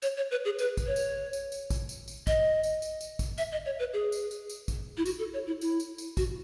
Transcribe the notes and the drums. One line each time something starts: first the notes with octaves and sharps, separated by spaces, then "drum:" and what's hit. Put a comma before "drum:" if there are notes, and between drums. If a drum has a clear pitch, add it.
C#5, drum: tambourine
C#5
B4
G#4
B4, drum: tambourine
drum: kick, tambourine
C#5
drum: tambourine
drum: tambourine
drum: tambourine
drum: kick, tambourine
drum: tambourine
drum: tambourine
D#5, drum: kick, tambourine
drum: tambourine
drum: tambourine
drum: tambourine
drum: kick, tambourine
E5, drum: tambourine
D#5
C#5
B4
G#4
drum: tambourine
drum: tambourine
drum: tambourine
drum: kick, tambourine
E4
F#4, drum: tambourine
A4
C#5
E4
E4, drum: tambourine
drum: tambourine
drum: tambourine
F#4, drum: kick, tambourine